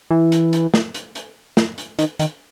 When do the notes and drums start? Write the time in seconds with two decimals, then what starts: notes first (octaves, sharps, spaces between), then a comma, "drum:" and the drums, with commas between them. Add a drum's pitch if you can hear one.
0.11 E3
0.32 drum: hi-hat
0.53 drum: hi-hat
0.74 drum: snare
0.94 drum: hi-hat
1.15 drum: hi-hat
1.57 drum: snare
1.78 drum: hi-hat
1.99 D#3, drum: hi-hat
2.19 D#3, drum: hi-hat